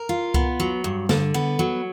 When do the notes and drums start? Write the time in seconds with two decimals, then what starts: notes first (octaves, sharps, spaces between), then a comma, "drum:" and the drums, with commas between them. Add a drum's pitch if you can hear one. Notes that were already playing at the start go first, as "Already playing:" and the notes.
Already playing: A#4
0.09 F4
0.34 B3, drum: kick C2
0.60 F#3
0.84 G2
1.09 D3, drum: snare
1.34 B3
1.59 F#3